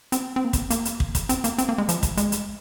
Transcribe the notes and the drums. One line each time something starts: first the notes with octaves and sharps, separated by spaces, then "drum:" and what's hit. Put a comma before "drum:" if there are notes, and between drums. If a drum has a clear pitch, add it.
C4, drum: hi-hat
C4
A#3
C4, drum: kick, hi-hat
A#3, drum: hi-hat
drum: hi-hat
drum: kick
drum: kick, hi-hat
C4, drum: hi-hat
A#3, drum: hi-hat
C4, drum: hi-hat
A#3
G#3
F3, drum: hi-hat
drum: kick, hi-hat
G#3, drum: hi-hat
drum: hi-hat